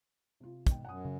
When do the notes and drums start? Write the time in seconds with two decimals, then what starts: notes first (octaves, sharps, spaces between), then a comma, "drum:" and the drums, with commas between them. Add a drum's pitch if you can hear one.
0.40 C3 F4
0.67 G#1 B2 G5, drum: kick, hi-hat
0.85 F#2 F#5 G#5 D#6
1.05 C#3